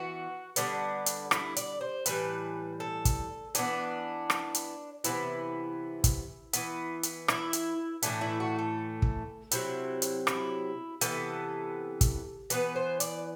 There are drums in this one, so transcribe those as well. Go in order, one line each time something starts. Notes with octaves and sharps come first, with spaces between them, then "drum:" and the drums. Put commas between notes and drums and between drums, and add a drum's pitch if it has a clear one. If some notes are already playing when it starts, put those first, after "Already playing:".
Already playing: E3 B3 F#4
D3 G3 B3 D4, drum: hi-hat
drum: hi-hat
E4, drum: rim click
D5, drum: hi-hat
C5
A2 E3 G3 B4, drum: hi-hat
A4
drum: kick, hi-hat
E3 B3 D4, drum: hi-hat
drum: rim click
drum: hi-hat
C3 E3 B3 E4, drum: hi-hat
drum: kick, hi-hat
E3 B3, drum: hi-hat
drum: hi-hat
E4, drum: rim click
drum: hi-hat
A2 E3 A3 D4, drum: hi-hat
E4
F#4
A4
drum: kick
C3 F#3 C4 E4, drum: hi-hat
drum: hi-hat
E4, drum: rim click
C3 E3 B3 A4, drum: hi-hat
drum: kick, hi-hat
E3 B3 B4, drum: hi-hat
C5
D5, drum: hi-hat